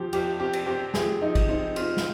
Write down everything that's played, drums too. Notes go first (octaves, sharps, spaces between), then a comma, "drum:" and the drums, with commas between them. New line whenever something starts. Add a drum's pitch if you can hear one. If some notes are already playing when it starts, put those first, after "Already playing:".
Already playing: F3 C4 G4
F3 G4, drum: cymbal
C4 G4
drum: cymbal
C4 G4
F3 G#4, drum: snare
F3 D#4
drum: kick, cymbal
C4 D#4
C4 F4, drum: cymbal
drum: snare